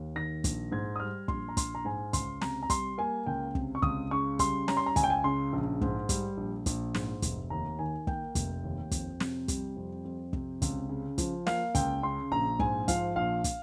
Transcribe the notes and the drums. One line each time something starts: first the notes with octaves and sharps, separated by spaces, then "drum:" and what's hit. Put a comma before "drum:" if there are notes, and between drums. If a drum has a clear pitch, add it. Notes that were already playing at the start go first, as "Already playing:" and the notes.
Already playing: D#2
D#3 A#6
A#1, drum: kick, hi-hat
G#2 G#6
D#6
G3 F6
A#1 C6, drum: kick
A#5
A#1 C6, drum: kick, hi-hat
A#5
G#2 G#5
C#2 C6, drum: kick, hi-hat
C3 A#5, drum: snare
A#5
G3 C6, drum: kick, hi-hat
A#3 G#5
C#2 G5
C3, drum: kick
C#6
C#2 D#6, drum: kick
C#3 C#6
G3 C6, drum: kick, hi-hat
C#4 A#5, drum: snare
C6
A#5
C#2 G#5, drum: kick, hi-hat
G5
G#5
C#3 C6
A#1
G#2, drum: kick
G3, drum: kick, hi-hat
A#1
A#1, drum: kick, hi-hat
G#2, drum: snare
F1, drum: kick, hi-hat
D#2 A#5
D#3 G#5
A#3 G5, drum: kick
F1, drum: kick, hi-hat
D#2
F2, drum: kick, hi-hat
C3, drum: snare
G3, drum: kick, hi-hat
F2
F2
C3, drum: kick
C#2, drum: kick, hi-hat
C#3
F3, drum: kick, hi-hat
A#3 F5, drum: snare
C#2 G5, drum: kick, hi-hat
C#3 C6
A#1 A#5
G#2 G#5, drum: kick
F3 F5, drum: kick, hi-hat
A#1 F5
drum: kick, hi-hat